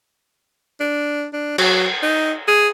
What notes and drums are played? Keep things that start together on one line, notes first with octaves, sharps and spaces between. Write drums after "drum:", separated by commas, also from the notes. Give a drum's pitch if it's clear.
D4
D4
F#3, drum: cymbal
D#4
G#4